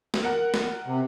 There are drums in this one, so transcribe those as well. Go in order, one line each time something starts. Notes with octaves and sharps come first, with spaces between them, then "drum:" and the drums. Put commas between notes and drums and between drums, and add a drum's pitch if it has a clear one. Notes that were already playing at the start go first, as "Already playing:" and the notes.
drum: snare
A#4 F#5
drum: snare
C3